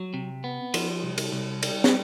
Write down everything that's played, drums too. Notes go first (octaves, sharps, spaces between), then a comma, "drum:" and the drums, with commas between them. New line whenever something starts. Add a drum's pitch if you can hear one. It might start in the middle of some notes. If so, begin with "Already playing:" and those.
Already playing: F#3
C3
B3
F3, drum: cymbal
C2
drum: cymbal
C2
G3, drum: cymbal
drum: snare